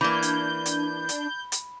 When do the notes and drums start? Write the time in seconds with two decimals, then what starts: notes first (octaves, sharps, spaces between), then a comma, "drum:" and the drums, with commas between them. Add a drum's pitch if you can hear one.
0.01 E3 A#3 D4 B5 G6
0.22 drum: hi-hat
0.66 drum: hi-hat
1.09 drum: hi-hat
1.52 drum: hi-hat